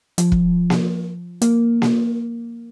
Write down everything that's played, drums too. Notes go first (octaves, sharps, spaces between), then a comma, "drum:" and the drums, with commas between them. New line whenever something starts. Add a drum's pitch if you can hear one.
F3, drum: hi-hat
drum: kick
drum: snare A#3
A#3, drum: hi-hat
drum: snare A#3